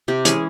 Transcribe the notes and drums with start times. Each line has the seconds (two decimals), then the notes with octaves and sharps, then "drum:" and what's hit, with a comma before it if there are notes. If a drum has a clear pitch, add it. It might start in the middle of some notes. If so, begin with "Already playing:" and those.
0.08 C3 G4
0.25 E3 G#3 C#4 G#4, drum: hi-hat